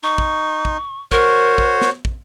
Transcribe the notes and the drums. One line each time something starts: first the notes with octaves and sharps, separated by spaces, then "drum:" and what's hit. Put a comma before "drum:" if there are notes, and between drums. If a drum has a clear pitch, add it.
D#4 C#6
drum: kick
drum: kick
F#4 A#4 C5 C#5, drum: kick
drum: kick
drum: snare
drum: kick